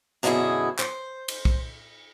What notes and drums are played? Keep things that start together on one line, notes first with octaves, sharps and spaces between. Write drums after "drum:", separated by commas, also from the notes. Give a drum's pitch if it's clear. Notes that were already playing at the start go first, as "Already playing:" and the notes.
F#2 B2 D3 D4 E4 G#4
C5, drum: clap
drum: cymbal
drum: kick